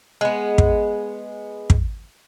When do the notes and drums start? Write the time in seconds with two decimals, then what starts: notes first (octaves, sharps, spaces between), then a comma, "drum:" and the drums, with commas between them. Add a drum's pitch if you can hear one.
0.21 G#3 B3
0.58 drum: kick
1.70 drum: kick